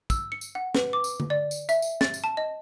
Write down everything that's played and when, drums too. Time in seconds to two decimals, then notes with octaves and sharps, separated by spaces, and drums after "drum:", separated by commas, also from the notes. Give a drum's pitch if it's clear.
0.10 E6, drum: kick, tambourine
0.32 C#7
0.41 drum: tambourine
0.55 F#5
0.75 B4, drum: snare
0.93 D6
1.04 drum: tambourine
1.20 drum: tom D3
1.30 D5
1.51 drum: tambourine
1.69 E5, drum: tambourine
1.82 drum: tambourine
2.01 A6, drum: snare
2.14 drum: tambourine
2.24 A5
2.37 D#5